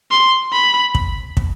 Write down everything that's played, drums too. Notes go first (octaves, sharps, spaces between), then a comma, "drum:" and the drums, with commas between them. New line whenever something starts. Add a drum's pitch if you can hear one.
C6
B5
drum: kick
drum: kick